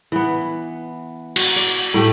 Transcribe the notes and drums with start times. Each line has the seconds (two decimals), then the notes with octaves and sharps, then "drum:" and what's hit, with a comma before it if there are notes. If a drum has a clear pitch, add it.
0.12 E3 B3
1.36 F#4, drum: cymbal
1.56 D5
1.94 A2 A3 G4